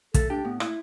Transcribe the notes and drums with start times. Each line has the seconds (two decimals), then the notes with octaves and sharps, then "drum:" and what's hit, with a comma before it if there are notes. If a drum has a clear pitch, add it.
0.14 A3 A4, drum: kick, hi-hat
0.30 D4 G4
0.45 A2 B3
0.60 A3 E4, drum: rim click